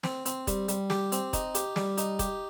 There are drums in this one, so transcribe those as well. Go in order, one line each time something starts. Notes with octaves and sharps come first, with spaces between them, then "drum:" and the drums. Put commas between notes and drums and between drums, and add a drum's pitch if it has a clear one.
C4, drum: snare
C4, drum: hi-hat
G3, drum: kick, hi-hat
G3, drum: hi-hat
G4, drum: snare
C4, drum: hi-hat
D#4, drum: kick, hi-hat
G4, drum: hi-hat
G3, drum: snare
D#4, drum: hi-hat
G4, drum: kick, hi-hat